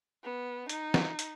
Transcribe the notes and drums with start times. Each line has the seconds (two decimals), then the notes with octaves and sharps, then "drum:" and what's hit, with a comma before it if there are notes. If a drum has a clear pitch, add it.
0.23 B3
0.69 D#4, drum: hi-hat
0.94 drum: snare
1.19 drum: hi-hat